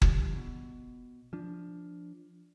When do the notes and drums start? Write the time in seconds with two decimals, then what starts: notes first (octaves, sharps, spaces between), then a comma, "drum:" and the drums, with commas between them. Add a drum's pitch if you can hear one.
0.02 D3 F3 G3, drum: kick
0.36 B2
1.33 F3 D4